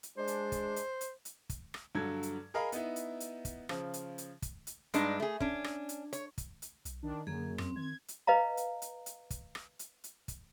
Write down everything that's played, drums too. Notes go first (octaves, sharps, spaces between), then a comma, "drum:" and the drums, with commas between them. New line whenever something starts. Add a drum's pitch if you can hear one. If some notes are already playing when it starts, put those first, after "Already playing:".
drum: hi-hat
G#3 D4 C5
drum: hi-hat
drum: kick, hi-hat
drum: hi-hat
drum: hi-hat
drum: hi-hat
drum: kick, hi-hat
drum: rim click
G2 D3 F#3 A4 G#6
drum: hi-hat
G#4 A#4 D#5 F5 B5
B3 D#4 E4, drum: hi-hat
drum: hi-hat
drum: hi-hat
drum: kick, hi-hat
C#3 F3, drum: rim click
drum: hi-hat
drum: hi-hat
drum: kick, hi-hat
drum: hi-hat
G2 G#3 D4 D#4, drum: hi-hat
A3 G#4
C#4 D4, drum: kick
drum: rim click
drum: hi-hat
C#5, drum: hi-hat
drum: kick, hi-hat
drum: hi-hat
B1, drum: hi-hat
D#3 D4
F#2 D3 A#3 G#4
F2 C4, drum: rim click
D#3 G#6
drum: hi-hat
B4 D#5 F5 A#5
drum: hi-hat
drum: hi-hat
drum: hi-hat
drum: kick, hi-hat
drum: rim click
drum: hi-hat
drum: hi-hat
drum: kick, hi-hat